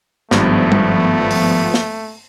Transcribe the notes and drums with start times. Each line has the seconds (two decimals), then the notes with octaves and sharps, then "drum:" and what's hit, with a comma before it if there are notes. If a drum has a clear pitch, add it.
0.31 G#1 G2 F3 A3 B3, drum: snare
0.72 drum: tom G3
1.31 drum: open hi-hat
1.74 drum: snare